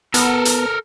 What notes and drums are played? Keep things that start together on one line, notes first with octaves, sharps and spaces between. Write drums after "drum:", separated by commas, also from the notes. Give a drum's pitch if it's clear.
B3 A4 A#4, drum: hi-hat
drum: hi-hat